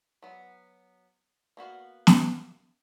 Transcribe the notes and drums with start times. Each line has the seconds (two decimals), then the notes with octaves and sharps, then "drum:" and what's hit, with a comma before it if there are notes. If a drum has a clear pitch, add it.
0.22 F#3 B3
1.57 A#3 B3 F#4 F5
2.07 drum: snare